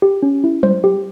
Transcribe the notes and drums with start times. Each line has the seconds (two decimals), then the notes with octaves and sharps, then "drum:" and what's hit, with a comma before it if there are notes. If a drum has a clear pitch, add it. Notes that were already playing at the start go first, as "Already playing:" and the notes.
0.02 G4
0.22 C#4
0.44 E4
0.63 C5, drum: tom F#3
0.84 G4